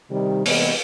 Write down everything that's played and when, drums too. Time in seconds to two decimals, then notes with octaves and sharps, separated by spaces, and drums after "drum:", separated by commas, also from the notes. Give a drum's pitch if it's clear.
0.11 C3 D#3 G3
0.46 C3 E3 G#3 A#3 B3 D#5, drum: open hi-hat